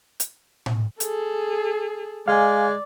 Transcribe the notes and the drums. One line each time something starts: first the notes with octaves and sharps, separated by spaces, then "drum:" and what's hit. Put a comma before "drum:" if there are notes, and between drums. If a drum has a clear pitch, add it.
drum: hi-hat
drum: tom A2
G#4 A4, drum: hi-hat
G#3 D5 F5 G#5